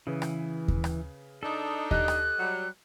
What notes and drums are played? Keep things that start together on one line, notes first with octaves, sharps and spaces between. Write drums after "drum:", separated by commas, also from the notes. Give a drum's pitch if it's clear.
C#3 E3 G#4 B4
drum: rim click
drum: kick D#2
drum: rim click
D4 D#4 A4
G4 D#5 F#6, drum: kick D#2
drum: rim click
F#3 G3